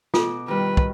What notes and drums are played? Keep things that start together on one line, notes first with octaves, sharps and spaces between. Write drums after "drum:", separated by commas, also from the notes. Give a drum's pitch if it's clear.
B2 F4 A4 D6, drum: snare
D#3 G3 B4
drum: kick